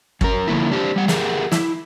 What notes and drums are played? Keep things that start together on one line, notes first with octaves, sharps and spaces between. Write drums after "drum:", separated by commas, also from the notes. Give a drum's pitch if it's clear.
F#2 A#4, drum: kick
D3 F3 A#3 E4
D4 G4 A#4 C5
G3 F#5
G4 G#4 A#4 E5 F#5, drum: snare
E4, drum: snare